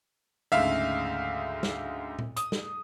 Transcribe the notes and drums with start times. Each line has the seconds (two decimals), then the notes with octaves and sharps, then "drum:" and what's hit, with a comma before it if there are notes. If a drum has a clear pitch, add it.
0.52 D2 G#2 C#3 E5 F5
1.63 drum: snare
2.19 drum: tom A#2
2.36 D#6, drum: hi-hat
2.52 drum: snare